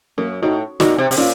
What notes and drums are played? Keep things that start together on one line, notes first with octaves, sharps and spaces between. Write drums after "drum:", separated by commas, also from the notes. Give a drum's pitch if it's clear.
F#2 A#3 C#4
A2 D#4 F#4
A#2 D#4 F#4, drum: snare
C3
C3, drum: open hi-hat
A#2 C#4 F4